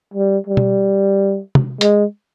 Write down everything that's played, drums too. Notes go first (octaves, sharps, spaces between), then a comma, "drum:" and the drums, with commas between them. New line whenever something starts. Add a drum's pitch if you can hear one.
G3
G3
drum: tom B2
drum: tom
G#3, drum: hi-hat